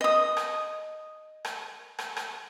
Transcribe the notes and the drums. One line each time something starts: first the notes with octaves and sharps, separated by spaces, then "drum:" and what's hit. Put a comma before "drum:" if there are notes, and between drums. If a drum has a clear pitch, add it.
D#5 D#6
drum: rim click
drum: rim click
drum: rim click
drum: rim click